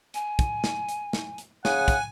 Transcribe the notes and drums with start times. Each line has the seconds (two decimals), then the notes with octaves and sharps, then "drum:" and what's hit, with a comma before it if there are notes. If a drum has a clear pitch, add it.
0.14 G#5, drum: hi-hat
0.39 drum: kick, hi-hat
0.64 drum: snare
0.89 drum: hi-hat
1.13 drum: snare
1.38 drum: hi-hat
1.65 C#3 F#5 G#5, drum: snare
1.88 drum: kick, hi-hat